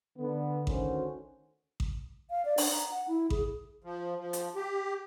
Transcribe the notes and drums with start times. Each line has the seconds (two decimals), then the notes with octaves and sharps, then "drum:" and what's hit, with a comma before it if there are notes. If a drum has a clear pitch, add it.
0.18 D3 B3
0.67 D2 D#3 A3 C#4 F#4 C5, drum: kick A1
1.80 drum: kick A1
2.30 F5
2.45 D5
2.58 D4, drum: open hi-hat
2.72 A#5
2.91 F#5
3.08 E4
3.30 G#4, drum: kick A1
3.84 F3
4.17 F3
4.33 drum: hi-hat
4.56 G4